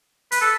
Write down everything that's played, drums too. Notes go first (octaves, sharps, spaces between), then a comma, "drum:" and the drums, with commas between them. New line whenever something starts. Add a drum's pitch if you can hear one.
B4, drum: hi-hat
A4